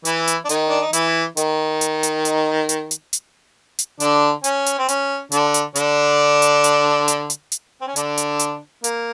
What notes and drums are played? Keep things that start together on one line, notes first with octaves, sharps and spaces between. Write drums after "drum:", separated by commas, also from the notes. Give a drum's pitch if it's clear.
E3 E4, drum: hi-hat
drum: hi-hat
D4
D#3 D#4, drum: hi-hat
D4
D#4
E3 E4, drum: hi-hat
D#3 D#4, drum: hi-hat
drum: hi-hat
drum: hi-hat
drum: hi-hat
drum: hi-hat
drum: hi-hat
drum: hi-hat
drum: hi-hat
D3 D4, drum: hi-hat
C#4, drum: hi-hat
drum: hi-hat
C4
C#4, drum: hi-hat
D3 D4, drum: hi-hat
drum: hi-hat
D3 D4, drum: hi-hat
drum: hi-hat
drum: hi-hat
drum: hi-hat
drum: hi-hat
drum: hi-hat
C4
C#4
D3 D4, drum: hi-hat
drum: hi-hat
drum: hi-hat
A#3, drum: hi-hat